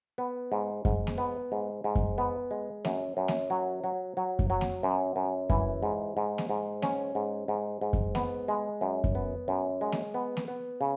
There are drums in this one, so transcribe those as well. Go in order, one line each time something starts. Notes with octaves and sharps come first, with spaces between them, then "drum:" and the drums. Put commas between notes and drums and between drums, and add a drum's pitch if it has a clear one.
B3
G#2
G#2, drum: kick F#2
drum: snare A#3
B3
G#2
G#2
drum: kick F#2
B3
G#3
F#2, drum: snare A#3
F#2
drum: snare A#3
F#3
F#3
F#3
drum: kick F#2
F#3
drum: snare A#3
F#2
F#2
E3, drum: kick F#2
G#2
G#2
drum: snare A#3
G#2
C#4, drum: snare A#3
G#2
G#2
G#2
drum: kick F#2
B3, drum: snare A#3
G#3
F#2
drum: kick F#2
B3
F#2
G#3
drum: snare A#3
B3
drum: snare A#3
B3
C#3